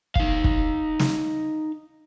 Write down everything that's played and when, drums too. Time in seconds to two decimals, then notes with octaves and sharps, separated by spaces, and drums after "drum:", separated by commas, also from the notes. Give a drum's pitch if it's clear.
0.15 D#4 F5, drum: kick
0.44 drum: kick
0.99 drum: snare